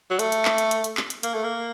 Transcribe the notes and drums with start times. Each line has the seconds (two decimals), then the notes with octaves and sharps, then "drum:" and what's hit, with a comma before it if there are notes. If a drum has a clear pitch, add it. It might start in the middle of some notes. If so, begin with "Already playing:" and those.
0.10 F#3
0.19 A3, drum: hi-hat
0.32 drum: hi-hat
0.45 drum: clap
0.58 drum: hi-hat
0.71 drum: hi-hat
0.84 drum: hi-hat
0.97 drum: clap
1.10 drum: hi-hat
1.23 A#3, drum: hi-hat
1.34 A3
1.44 A#3